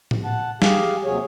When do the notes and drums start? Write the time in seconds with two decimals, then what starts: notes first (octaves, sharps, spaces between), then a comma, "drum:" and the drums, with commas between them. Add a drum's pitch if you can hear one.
0.11 drum: tom A2
0.24 F#5 A5
0.62 G4 G#4 F5, drum: snare
1.05 D#2 C3 F#3 G#4 C#5